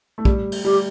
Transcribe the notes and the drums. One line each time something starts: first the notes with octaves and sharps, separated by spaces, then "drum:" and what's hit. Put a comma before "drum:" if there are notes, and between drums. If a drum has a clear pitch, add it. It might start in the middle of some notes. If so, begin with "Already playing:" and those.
A3
G3, drum: kick
drum: cymbal
G3 G4